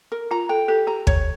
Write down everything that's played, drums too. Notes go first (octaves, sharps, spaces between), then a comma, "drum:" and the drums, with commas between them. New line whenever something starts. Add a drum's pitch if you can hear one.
A#4
F4 A#5
A4 G5
G4 A4
G4 A#5
C#5, drum: kick